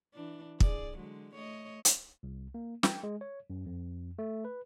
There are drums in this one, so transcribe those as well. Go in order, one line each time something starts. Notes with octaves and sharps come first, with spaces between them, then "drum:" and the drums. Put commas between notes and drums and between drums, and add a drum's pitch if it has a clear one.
E3 D4
G#4 D5, drum: kick
D3 F#3 G#3
A3 C#5 D#5
drum: hi-hat
C2
A#3
G5, drum: snare
G#3
C#5
F#2
F2
A3
B4